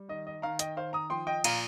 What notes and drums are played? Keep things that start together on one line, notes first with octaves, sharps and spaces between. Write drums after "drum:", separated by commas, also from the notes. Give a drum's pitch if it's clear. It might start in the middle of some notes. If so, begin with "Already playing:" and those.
Already playing: G3
D#3 D#5
D#5
D#3 F5 A#5
D#5 G5, drum: hi-hat
D#3 C5 F5
A#5 D#6
F3 G5 C6
D#5 G5
A#2 F5 A#5, drum: cymbal